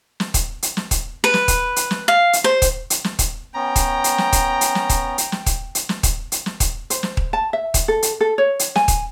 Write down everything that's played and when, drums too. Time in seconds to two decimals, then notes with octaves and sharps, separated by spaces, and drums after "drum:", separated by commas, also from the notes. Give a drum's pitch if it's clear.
0.20 drum: snare
0.34 drum: kick D#1, hi-hat
0.63 drum: hi-hat
0.77 drum: snare
0.91 drum: kick D#1, hi-hat
1.24 B4
1.34 drum: snare
1.48 drum: kick D#1, hi-hat
1.76 drum: hi-hat
1.91 drum: snare
2.08 F5
2.33 drum: hi-hat
2.44 C5
2.62 drum: kick D#1, hi-hat
2.90 drum: hi-hat
3.04 drum: snare
3.19 drum: kick D#1, hi-hat
3.55 B3 C#4 G5 A#5
3.76 drum: kick D#1, hi-hat
4.04 drum: hi-hat
4.18 drum: snare
4.33 drum: kick D#1, hi-hat
4.61 drum: hi-hat
4.75 drum: snare
4.89 drum: kick D#1, hi-hat
5.18 drum: hi-hat
5.32 drum: snare
5.46 drum: kick D#1, hi-hat
5.75 drum: hi-hat
5.89 drum: snare
6.03 drum: kick D#1, hi-hat
6.32 drum: hi-hat
6.46 drum: snare
6.60 drum: kick D#1, hi-hat
6.90 C5, drum: hi-hat
7.03 drum: snare
7.17 drum: kick D#1
7.33 A5
7.53 E5
7.74 drum: kick D#1, hi-hat
7.88 A4
8.03 drum: hi-hat
8.21 A4
8.38 C#5
8.59 drum: hi-hat
8.76 G#5, drum: snare
8.88 drum: kick D#1, hi-hat